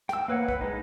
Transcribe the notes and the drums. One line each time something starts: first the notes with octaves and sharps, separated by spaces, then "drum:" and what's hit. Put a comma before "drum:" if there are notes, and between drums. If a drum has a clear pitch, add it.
G5 E6, drum: snare
A#3 B4 C#5 F#5
B4, drum: kick
G#3 D#4